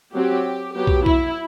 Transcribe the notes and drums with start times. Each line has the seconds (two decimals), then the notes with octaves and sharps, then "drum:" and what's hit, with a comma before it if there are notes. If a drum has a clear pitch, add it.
0.13 F#3 C4 G4
0.75 F#3 B3 G4
0.87 drum: kick
1.06 E4, drum: kick